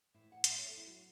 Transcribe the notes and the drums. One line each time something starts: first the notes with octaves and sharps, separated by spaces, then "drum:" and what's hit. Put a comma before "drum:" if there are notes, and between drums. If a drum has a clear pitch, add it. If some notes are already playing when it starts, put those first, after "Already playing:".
A2 E3 E4
F#5
F#5, drum: hi-hat
E2 E3 E5
C#5
A4
E4
A2 F#3 F#4